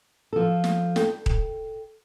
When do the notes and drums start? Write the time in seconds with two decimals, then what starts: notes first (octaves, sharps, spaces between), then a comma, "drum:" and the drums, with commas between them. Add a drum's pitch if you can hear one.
0.33 F3 A4
0.64 drum: snare
0.96 A4 G5, drum: snare
1.26 drum: kick D#1